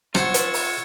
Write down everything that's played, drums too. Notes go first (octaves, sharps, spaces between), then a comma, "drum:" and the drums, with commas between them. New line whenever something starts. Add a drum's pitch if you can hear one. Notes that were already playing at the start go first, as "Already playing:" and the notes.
F4 C5 F#5 C#6 E6 G#6 A6 C#7, drum: rim click
drum: hi-hat
drum: open hi-hat